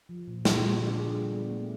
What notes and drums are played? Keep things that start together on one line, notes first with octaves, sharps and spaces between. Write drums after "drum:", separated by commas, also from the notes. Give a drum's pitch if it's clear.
F3
A#2
A#2 F4, drum: snare
G3
D3 G4
D3 G#4
G3
B3
A3